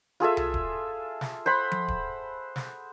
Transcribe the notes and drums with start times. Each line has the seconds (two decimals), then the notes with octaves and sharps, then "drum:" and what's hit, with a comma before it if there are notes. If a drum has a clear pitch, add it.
0.20 F4 G#4 A4 E5
0.37 drum: tom C2
0.54 drum: kick D1
1.21 drum: snare
1.46 C5 F#5 B5
1.72 drum: tom F3
1.88 drum: kick D1
2.56 drum: snare